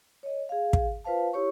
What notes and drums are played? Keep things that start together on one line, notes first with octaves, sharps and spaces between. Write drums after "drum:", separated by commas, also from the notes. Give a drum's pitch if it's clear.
C#5 D#5
G#4 F5
drum: kick
F4 B4 C5 F5 A5
E4 G4 C#5 C#6